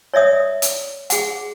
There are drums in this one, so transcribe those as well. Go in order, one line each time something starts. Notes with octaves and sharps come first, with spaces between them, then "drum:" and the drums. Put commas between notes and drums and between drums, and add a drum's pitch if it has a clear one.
C#5 D5 E5 D#6
drum: hi-hat
G#4 F#5, drum: hi-hat